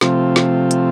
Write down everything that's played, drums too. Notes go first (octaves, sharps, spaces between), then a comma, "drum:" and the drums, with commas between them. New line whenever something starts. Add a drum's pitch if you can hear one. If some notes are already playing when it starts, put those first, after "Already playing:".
C3 F3 A3 C4 F4, drum: snare
drum: snare
drum: hi-hat